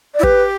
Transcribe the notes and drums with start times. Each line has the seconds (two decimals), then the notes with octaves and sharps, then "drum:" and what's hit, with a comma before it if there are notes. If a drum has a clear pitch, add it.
0.14 D5
0.19 E4
0.23 G4 B4, drum: kick